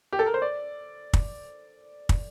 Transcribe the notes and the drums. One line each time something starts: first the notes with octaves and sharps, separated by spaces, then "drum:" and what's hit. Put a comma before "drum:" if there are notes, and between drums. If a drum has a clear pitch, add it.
G4
A4
A#4
C5
D5
drum: kick
drum: kick